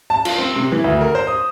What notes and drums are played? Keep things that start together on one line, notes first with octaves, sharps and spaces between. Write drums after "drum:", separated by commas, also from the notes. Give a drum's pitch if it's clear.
A5
F4, drum: cymbal
C4
C3
E3
D2
A#4
C5
D#6